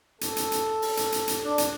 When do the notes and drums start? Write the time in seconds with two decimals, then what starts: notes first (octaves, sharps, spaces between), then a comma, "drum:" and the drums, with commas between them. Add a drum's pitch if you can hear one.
0.21 A4, drum: hi-hat
0.36 drum: hi-hat
0.52 drum: hi-hat
0.82 drum: open hi-hat
0.97 drum: hi-hat
1.12 drum: hi-hat
1.28 drum: hi-hat
1.44 D4
1.58 drum: hi-hat